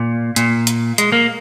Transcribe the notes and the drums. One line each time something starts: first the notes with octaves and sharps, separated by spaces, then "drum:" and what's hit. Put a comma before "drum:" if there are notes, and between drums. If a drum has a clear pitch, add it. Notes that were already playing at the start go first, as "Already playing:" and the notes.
Already playing: A#2
A#2, drum: hi-hat
drum: hi-hat
G#3, drum: hi-hat
A#3